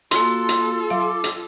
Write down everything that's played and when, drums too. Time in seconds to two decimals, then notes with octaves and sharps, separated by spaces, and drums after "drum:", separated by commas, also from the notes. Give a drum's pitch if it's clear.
0.11 A#3 F4 F#4 A4 C6, drum: hi-hat
0.49 drum: hi-hat
0.90 F#3 F5 D6
1.24 drum: hi-hat